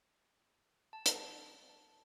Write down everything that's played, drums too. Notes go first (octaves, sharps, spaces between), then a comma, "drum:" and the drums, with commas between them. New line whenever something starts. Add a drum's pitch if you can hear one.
A5
drum: hi-hat